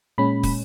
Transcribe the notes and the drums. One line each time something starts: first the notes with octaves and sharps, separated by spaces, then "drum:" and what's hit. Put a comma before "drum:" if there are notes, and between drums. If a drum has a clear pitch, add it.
A#2 G#3 C#4 B5
drum: kick, open hi-hat